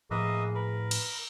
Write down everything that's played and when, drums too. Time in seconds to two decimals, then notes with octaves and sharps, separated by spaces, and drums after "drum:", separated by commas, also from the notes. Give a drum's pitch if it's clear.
0.11 A2 F3 A#3 G#4 B4 D#5 E5
0.55 A#4 B4
0.91 drum: cymbal